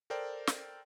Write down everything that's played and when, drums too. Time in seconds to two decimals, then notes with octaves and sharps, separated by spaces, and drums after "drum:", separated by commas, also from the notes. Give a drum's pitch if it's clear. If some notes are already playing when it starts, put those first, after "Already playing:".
0.10 A4 A#4 C5 D5 G5
0.47 drum: snare